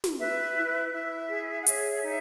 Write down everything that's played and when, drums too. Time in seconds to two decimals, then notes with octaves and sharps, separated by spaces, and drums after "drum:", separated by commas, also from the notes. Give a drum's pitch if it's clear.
0.04 drum: snare
0.19 B4 E5
0.56 E4
0.92 E4 E5
1.29 G#4
1.62 F#5
1.66 C#5 E5, drum: hi-hat
2.04 D#4